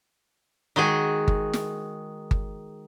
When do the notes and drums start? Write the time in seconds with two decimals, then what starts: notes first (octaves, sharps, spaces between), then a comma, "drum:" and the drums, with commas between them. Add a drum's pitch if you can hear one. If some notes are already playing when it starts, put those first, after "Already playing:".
0.76 D#3 G#3 F#4 G#4
1.28 drum: kick G1
1.53 drum: snare
2.31 drum: kick G1